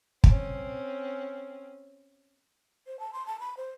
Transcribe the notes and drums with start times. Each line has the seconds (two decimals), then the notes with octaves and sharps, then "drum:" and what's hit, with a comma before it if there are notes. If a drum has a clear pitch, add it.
0.24 C4 C#4, drum: kick
2.87 C5
2.99 A5
3.13 C6
3.26 A5
3.40 B5
3.57 C5